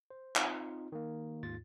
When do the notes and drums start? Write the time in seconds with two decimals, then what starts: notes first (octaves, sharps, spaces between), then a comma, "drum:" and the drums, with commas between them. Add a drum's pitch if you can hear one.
0.10 C5
0.36 C4 D#4 F4, drum: clap
0.92 D#3 A#3
1.43 D#2 G#2 F4 A6